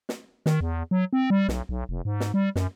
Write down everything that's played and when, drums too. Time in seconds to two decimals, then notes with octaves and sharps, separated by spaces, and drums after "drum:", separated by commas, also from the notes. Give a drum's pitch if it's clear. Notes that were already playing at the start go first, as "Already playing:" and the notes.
0.09 drum: snare
0.46 D#3, drum: snare
0.61 E2
0.91 F#3
1.13 C4
1.30 G3
1.49 B1, drum: snare
1.69 B1
1.89 F1
2.05 G#2
2.20 drum: snare
2.34 G3
2.56 F#2, drum: snare